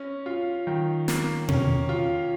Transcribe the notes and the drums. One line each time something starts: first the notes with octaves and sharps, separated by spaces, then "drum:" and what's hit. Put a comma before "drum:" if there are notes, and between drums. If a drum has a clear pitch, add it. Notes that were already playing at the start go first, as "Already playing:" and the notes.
Already playing: C#4
F4
D#3
A#3, drum: snare
C#4, drum: tom B2
F4